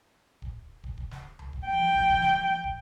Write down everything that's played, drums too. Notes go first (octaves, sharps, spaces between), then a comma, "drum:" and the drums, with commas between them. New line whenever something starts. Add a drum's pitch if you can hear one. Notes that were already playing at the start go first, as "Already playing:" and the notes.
drum: kick
drum: kick
drum: kick
drum: snare
drum: tom C#2
drum: kick
G5
drum: kick
drum: kick
drum: snare
drum: kick